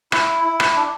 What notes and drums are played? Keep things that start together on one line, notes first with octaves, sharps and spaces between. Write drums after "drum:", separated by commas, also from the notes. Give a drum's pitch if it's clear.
E4, drum: rim click
E4
drum: rim click
D4